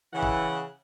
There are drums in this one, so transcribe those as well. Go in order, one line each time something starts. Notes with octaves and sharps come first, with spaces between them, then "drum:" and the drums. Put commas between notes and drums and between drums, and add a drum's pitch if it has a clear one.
C#3 E3 F#5
drum: kick G1